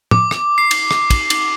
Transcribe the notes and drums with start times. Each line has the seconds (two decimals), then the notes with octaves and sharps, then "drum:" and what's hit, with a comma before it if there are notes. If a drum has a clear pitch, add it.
0.11 D6, drum: tom
0.31 drum: rim click
0.58 C7
0.71 drum: cymbal
0.91 drum: rim click
1.10 drum: kick, cymbal
1.30 drum: cymbal